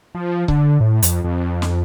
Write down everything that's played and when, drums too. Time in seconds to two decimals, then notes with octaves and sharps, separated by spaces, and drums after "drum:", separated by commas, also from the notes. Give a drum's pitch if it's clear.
0.15 F3
0.48 D3, drum: kick C#1
0.80 A2
1.02 F2, drum: hi-hat
1.24 F2
1.62 drum: snare